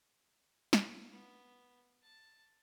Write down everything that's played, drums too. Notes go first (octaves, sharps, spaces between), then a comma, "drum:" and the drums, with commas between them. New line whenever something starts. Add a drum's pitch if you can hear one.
drum: snare
B3
A5